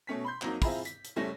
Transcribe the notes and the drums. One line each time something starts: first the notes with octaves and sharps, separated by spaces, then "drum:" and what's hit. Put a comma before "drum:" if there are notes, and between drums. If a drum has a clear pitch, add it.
B2 A3 C#4 B6
B5 C6 G6
F2 F#3 A#3 D#4, drum: clap
C4 E4 F4 G#4 A#5 B5, drum: kick, open hi-hat
B6, drum: hi-hat
drum: hi-hat
F#1 G3 A3 C#4 A#6